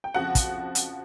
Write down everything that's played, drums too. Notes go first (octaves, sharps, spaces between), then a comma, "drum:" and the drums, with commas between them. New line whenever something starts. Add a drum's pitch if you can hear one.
G5
F2 C#3 F3 F#4 F#5
drum: kick, hi-hat
drum: hi-hat